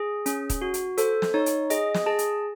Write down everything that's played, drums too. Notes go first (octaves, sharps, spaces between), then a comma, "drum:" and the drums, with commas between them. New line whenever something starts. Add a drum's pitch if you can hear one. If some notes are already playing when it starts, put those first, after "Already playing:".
Already playing: G#4
C#4, drum: hi-hat
drum: kick, hi-hat
F#4
drum: hi-hat
A4 C5, drum: hi-hat
drum: snare
D#4 C#5
drum: hi-hat
G#4 D#5, drum: hi-hat
drum: snare
G#4 A5
drum: hi-hat